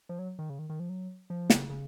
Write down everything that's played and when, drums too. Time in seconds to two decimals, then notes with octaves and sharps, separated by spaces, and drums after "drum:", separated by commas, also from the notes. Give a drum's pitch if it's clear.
0.09 F3
0.19 F#3
0.39 D#3
0.50 C#3
0.59 D#3
0.70 D#3
0.79 F3
0.89 F#3
1.30 F3
1.50 C#3, drum: snare
1.70 C#3